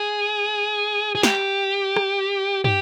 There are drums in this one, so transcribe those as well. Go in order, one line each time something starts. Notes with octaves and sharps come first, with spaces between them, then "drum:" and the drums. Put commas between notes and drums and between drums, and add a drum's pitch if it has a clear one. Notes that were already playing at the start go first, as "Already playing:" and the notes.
Already playing: G#4
G#4
G4, drum: snare
drum: rim click
G4, drum: tom